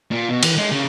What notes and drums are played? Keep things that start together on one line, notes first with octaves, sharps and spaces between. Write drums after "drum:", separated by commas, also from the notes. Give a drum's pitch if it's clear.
A#2
B2
E3, drum: cymbal
G#3
C#3